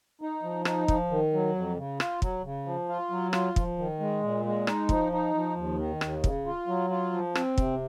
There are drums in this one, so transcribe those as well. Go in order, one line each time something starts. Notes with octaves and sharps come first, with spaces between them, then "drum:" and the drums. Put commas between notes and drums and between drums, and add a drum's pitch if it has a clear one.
D#4
F3
D#4, drum: rim click
F3, drum: kick
D#3
F#3
F2
C#3
F4, drum: rim click
F#3, drum: kick
C#3
F3
F4
F#3
F4, drum: rim click
F3, drum: kick
D#3
G#3
A#2
G#3
D#4, drum: rim click
F3, drum: kick
D#4
F3
D#2
D#3
D#2, drum: rim click
C#3, drum: kick
F4
F#3
F4
F3
C4, drum: rim click
C3, drum: kick